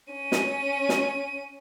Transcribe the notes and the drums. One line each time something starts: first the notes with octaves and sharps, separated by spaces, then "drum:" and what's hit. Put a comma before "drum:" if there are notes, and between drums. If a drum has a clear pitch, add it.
C#4 D#7
drum: snare
drum: snare